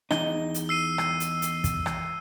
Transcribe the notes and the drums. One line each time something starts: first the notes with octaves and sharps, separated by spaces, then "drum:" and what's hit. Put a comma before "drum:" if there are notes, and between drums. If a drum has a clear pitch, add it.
E2 D#4 G7, drum: rim click
drum: hi-hat
E6 C7 D#7
drum: rim click
drum: hi-hat
drum: hi-hat
drum: kick, hi-hat
drum: rim click